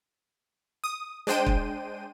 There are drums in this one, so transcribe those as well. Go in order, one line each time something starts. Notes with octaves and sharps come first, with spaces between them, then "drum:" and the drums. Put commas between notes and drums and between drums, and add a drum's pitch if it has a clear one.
D#6
G#3 D4 C5 G5 D#7
drum: kick